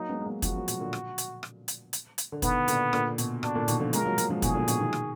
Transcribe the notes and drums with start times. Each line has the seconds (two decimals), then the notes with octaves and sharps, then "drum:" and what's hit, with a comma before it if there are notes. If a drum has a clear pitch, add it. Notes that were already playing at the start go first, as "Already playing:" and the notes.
Already playing: F#3 A#3 D#4
0.09 G#3 B3
0.21 G#3
0.26 F#3 A#3
0.42 F3 G#3 F#4, drum: kick, hi-hat
0.55 F#3 A#3
0.68 B2, drum: hi-hat
0.80 A#2 D3
0.93 drum: rim click
1.18 drum: hi-hat
1.43 drum: rim click
1.68 drum: hi-hat
1.93 drum: hi-hat
2.18 drum: hi-hat
2.32 D3
2.42 B2 D#3 B3, drum: kick, hi-hat
2.68 A#2 D3, drum: hi-hat
2.93 A#2 D3, drum: rim click
3.18 B2, drum: hi-hat
3.43 B2 D4, drum: rim click
3.55 A#2 D3
3.68 B2 D#3, drum: hi-hat
3.80 D3 F3
3.93 F3 G#3 A#4, drum: hi-hat
4.05 F#3 A#3
4.18 F#3 A#3, drum: hi-hat
4.30 F3 G#3
4.42 B2 D#3 G#4, drum: kick, hi-hat
4.55 A#2 D3
4.68 B2, drum: hi-hat
4.80 B2 D#3
4.93 drum: rim click